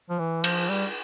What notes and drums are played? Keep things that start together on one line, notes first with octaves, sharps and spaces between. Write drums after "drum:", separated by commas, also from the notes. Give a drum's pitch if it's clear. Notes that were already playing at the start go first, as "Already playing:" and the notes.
F3
E3
F3, drum: cymbal
G3